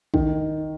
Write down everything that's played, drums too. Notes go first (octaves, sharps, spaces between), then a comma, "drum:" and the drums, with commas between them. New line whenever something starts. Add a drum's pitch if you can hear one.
D#3, drum: kick